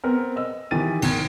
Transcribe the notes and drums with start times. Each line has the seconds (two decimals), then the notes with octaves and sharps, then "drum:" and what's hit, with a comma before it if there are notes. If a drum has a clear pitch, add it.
0.04 B3 C4 A#4
0.36 D#5 E6
0.71 D#3 E3 G4 A6 D#7
1.02 G#1 D#3 A#4 G#6, drum: cymbal